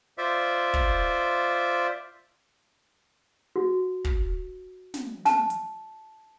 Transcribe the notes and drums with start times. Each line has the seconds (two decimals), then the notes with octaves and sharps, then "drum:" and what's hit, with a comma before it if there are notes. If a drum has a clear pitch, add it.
0.18 F4 C5 D5 E5
0.74 drum: kick
3.56 F#4
4.04 drum: kick
4.94 drum: snare
5.25 A5, drum: snare
5.50 drum: hi-hat